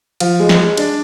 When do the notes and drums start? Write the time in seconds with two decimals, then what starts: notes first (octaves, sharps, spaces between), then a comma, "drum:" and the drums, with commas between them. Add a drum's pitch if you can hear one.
0.20 F3, drum: cymbal
0.40 G#3
0.49 drum: snare
0.59 G#3
0.77 D4, drum: cymbal